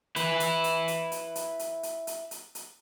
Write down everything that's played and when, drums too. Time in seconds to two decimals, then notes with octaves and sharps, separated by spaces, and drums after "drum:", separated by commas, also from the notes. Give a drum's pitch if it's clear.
0.16 E4 B4, drum: hi-hat
0.40 drum: hi-hat
0.64 drum: hi-hat
0.88 drum: hi-hat
1.12 drum: hi-hat
1.35 drum: hi-hat
1.59 drum: hi-hat
1.83 drum: hi-hat
2.07 drum: hi-hat
2.31 drum: hi-hat
2.55 drum: hi-hat